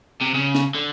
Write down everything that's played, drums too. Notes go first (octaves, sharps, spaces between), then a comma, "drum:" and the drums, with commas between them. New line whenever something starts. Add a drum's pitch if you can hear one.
C3
C#3
drum: snare
D3